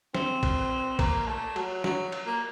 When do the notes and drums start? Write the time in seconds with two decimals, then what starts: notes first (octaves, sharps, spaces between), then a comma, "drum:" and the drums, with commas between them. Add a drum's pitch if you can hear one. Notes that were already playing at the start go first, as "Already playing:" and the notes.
0.15 C4, drum: snare
0.43 drum: kick A#1, cymbal
0.99 A#3, drum: kick A#1, cymbal
1.28 A3
1.56 F#3, drum: cymbal
1.84 F#3, drum: snare
2.12 drum: cymbal
2.27 A#3